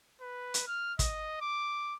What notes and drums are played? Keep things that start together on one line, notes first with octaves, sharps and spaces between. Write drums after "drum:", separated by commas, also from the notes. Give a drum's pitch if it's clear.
B4
drum: hi-hat
F6
D#5, drum: kick, hi-hat
D6